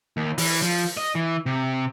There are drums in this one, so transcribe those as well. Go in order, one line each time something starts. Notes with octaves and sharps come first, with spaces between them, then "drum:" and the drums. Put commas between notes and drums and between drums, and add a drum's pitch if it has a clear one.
D#2
E3, drum: open hi-hat
F3
D#5
E3
C3